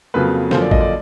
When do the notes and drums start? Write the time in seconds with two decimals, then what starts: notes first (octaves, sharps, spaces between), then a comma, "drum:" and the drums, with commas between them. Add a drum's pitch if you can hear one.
0.14 F2 C#3 F#3 A#3 B4
0.51 F#2 D3 F3 A#3 C5, drum: snare
0.62 D5
0.71 D#5, drum: kick A1
0.81 D5